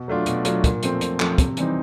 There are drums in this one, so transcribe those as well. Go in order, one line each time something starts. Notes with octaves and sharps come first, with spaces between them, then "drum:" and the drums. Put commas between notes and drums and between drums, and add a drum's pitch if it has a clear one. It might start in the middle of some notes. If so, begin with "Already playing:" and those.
Already playing: B2
F#3 A3 D4 F4
B2, drum: hi-hat
F#3 A3 D4 F4, drum: hi-hat
A#2, drum: kick, hi-hat
F3 A3 C4, drum: hi-hat
A#2, drum: hi-hat
F3 A3 C4, drum: clap
C3, drum: kick, hi-hat
E3 G3 C4 D#4, drum: hi-hat